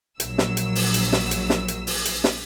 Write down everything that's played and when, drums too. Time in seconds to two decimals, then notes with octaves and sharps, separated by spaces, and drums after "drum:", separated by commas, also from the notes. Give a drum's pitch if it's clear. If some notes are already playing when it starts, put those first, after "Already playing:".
0.20 A#1 F#3 E6, drum: hi-hat
0.38 drum: snare
0.57 drum: hi-hat
0.75 drum: open hi-hat
0.94 drum: hi-hat
1.13 drum: snare
1.31 drum: hi-hat
1.50 drum: snare
1.68 drum: hi-hat
1.87 drum: open hi-hat
2.05 drum: hi-hat
2.24 drum: snare